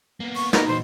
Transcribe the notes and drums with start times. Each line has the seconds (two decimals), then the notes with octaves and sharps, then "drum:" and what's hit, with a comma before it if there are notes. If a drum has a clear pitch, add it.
0.20 A#3 B3
0.36 C#6, drum: open hi-hat
0.53 B2 D#4 A#4, drum: snare
0.68 A#2 E3 C5